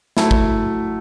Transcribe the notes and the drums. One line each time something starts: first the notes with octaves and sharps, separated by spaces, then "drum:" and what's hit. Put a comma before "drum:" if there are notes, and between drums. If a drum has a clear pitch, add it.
F#3 A3 E4, drum: snare
drum: kick